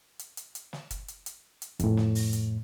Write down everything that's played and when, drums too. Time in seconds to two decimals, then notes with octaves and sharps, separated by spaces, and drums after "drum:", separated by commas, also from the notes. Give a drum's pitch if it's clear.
0.19 drum: hi-hat
0.37 drum: hi-hat
0.55 drum: hi-hat
0.73 drum: snare
0.91 drum: kick, hi-hat
1.08 drum: hi-hat
1.26 drum: hi-hat
1.62 drum: hi-hat
1.79 F2 A2, drum: kick, hi-hat
1.97 drum: snare
2.15 drum: open hi-hat
2.33 drum: hi-hat